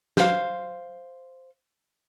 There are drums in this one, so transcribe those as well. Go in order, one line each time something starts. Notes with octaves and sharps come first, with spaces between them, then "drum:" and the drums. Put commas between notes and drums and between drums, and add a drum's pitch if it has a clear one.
C5 F5, drum: snare